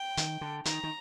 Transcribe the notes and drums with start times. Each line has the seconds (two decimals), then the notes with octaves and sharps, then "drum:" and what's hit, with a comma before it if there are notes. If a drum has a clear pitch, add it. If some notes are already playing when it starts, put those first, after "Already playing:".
Already playing: G5
0.17 D#3, drum: hi-hat
0.41 D3
0.65 D#3 A#5, drum: hi-hat
0.83 D#3